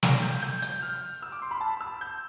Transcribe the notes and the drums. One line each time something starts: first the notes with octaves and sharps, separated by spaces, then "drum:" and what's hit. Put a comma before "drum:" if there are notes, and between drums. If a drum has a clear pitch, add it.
E6, drum: snare
G6
G6
G6, drum: hi-hat
F6
E6
D6
C6
B5
A5
E6
G6